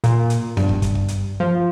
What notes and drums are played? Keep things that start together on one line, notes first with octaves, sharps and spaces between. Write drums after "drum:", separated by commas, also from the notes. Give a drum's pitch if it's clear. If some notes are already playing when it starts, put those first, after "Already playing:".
A#2, drum: hi-hat
drum: hi-hat
G2, drum: snare B3
drum: kick
drum: kick, hi-hat
drum: kick
drum: hi-hat
F3